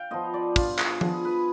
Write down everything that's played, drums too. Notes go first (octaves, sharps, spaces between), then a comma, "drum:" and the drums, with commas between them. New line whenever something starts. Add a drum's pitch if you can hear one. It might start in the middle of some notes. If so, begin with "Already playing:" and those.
Already playing: F5 G5
F3 B3 F4 D#5
D5
G2 F4, drum: kick, open hi-hat
G#4, drum: clap
F3 B3 F4 G#4, drum: tom F3
B4